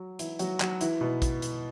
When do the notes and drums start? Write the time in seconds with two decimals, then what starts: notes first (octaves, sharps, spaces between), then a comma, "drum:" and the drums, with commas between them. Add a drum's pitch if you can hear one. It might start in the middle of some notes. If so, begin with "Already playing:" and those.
Already playing: F#3 F#4
0.19 E3 E4, drum: hi-hat
0.39 F#3 F#4, drum: hi-hat
0.60 F#3 F#4, drum: clap
0.81 E3 E4, drum: hi-hat
1.01 B2 B3
1.22 drum: kick A#1, hi-hat
1.42 drum: hi-hat